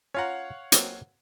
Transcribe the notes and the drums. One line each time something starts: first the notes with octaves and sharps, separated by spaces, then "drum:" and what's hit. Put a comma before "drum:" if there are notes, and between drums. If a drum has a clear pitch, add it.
C#4 F4 C#5 F5 F#5 A#5
F#3 A#3 C4, drum: hi-hat